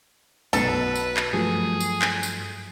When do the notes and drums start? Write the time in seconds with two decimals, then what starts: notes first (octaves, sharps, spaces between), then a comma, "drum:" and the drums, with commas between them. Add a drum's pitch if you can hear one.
0.53 B1 B2 A4 B4 C7, drum: tambourine
0.96 drum: tambourine
1.17 drum: clap
1.33 G2 F3 F#3 A3 G#4
1.80 drum: tambourine
2.02 drum: clap
2.23 drum: tambourine